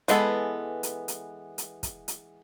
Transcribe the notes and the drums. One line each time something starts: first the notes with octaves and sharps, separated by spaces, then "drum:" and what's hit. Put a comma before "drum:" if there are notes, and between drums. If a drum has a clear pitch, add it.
E3 G#3 B3 A4, drum: hi-hat
drum: hi-hat
drum: hi-hat
drum: hi-hat
drum: kick, hi-hat
drum: hi-hat